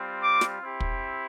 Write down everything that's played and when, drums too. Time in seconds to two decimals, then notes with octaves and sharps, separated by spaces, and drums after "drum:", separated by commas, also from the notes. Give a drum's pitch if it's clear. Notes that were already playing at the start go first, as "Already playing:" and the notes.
Already playing: G3 C4 F4
0.22 D6
0.41 drum: snare
0.61 C4 E4 G4
0.80 drum: kick